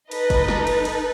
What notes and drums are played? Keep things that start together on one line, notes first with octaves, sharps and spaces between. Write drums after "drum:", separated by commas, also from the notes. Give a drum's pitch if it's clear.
D#4 A4 B4 D#5, drum: cymbal
drum: kick, cymbal
drum: snare
B4, drum: cymbal
drum: cymbal